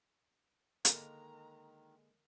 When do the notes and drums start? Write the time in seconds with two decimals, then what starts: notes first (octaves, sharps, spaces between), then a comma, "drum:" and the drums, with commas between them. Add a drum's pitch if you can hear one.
0.85 D3 D#3 G#3 A#3 A#4 A#5, drum: hi-hat